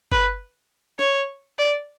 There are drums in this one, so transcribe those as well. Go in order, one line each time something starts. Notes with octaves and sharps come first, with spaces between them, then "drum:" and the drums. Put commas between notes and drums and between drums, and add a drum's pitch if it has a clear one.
B4, drum: kick G1
C#5, drum: snare
D5